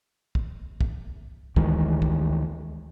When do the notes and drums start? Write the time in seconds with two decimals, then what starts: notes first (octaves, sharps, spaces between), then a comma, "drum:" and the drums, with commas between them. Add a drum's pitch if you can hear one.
0.35 drum: kick
0.81 drum: kick
1.56 D2 D#3 E3 G#3, drum: kick
2.02 drum: kick